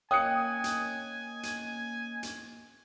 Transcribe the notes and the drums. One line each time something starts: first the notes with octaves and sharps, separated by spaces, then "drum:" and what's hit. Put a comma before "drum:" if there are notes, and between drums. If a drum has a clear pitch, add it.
A#3 C#4 D#5 G5 G#5 D#6 F#6 C#7
drum: hi-hat
drum: hi-hat
drum: hi-hat